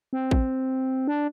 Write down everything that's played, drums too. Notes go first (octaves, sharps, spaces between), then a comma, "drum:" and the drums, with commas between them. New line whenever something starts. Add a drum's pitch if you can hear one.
C4
drum: kick
D4